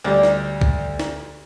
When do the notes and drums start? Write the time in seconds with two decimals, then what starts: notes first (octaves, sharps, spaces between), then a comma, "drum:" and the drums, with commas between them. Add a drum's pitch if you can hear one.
0.04 D2 G3 D5
0.23 drum: snare
0.62 drum: kick B1
1.00 drum: snare